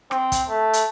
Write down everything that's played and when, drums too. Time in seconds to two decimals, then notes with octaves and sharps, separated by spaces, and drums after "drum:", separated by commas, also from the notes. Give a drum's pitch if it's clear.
0.11 C4, drum: rim click
0.32 drum: kick, hi-hat
0.49 A3
0.73 drum: hi-hat